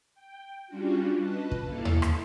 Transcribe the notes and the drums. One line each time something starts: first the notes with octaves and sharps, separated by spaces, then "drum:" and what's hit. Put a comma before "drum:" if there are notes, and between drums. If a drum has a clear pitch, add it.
G5
G3 C#4 D4 F4 F#4
B4 D#5 A5 F#6
drum: kick
A#3 E4 A4 F5 A5
drum: tom D#2
drum: rim click